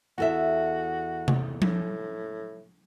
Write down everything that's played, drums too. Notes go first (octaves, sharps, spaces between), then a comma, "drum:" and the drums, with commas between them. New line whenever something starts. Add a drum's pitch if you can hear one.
E2 F#4 A4 E5
drum: tom C3
A2, drum: tom F3